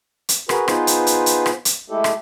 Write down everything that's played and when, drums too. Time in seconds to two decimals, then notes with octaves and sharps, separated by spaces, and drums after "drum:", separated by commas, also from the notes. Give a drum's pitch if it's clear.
0.29 drum: hi-hat
0.49 F#4 G#4 A#4 B4, drum: rim click
0.68 B3 D#4 F4 G#4 B4 C5, drum: rim click
0.87 drum: hi-hat
1.07 drum: hi-hat
1.26 drum: hi-hat
1.46 drum: rim click
1.65 drum: hi-hat
1.90 G#3 A3 E4 G4 A4
2.04 drum: rim click